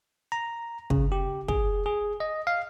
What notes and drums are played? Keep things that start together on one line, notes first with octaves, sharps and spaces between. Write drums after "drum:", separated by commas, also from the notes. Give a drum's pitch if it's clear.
A#5
C#3, drum: kick
G4
G#4, drum: kick
G#4
D#5
F5